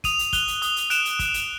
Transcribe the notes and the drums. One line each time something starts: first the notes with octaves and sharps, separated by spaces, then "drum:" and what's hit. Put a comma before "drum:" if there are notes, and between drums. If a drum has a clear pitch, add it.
D#6 D#7 F7, drum: kick, hi-hat
drum: hi-hat
F#6 F7 G7, drum: kick, hi-hat
drum: hi-hat
D#6, drum: hi-hat
drum: hi-hat
F#6 D7 E7, drum: hi-hat
drum: hi-hat
D#6, drum: kick, hi-hat
drum: hi-hat